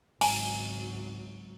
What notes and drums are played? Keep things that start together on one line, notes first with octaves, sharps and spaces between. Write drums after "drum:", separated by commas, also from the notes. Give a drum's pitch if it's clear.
G#1 C#2 F#3 G#5 A#5, drum: open hi-hat